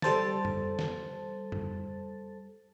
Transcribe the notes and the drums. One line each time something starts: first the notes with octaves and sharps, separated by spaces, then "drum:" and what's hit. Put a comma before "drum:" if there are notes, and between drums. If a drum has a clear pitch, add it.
G3 A4 C5 A5 A6, drum: snare
drum: tom F2
drum: snare
drum: tom F2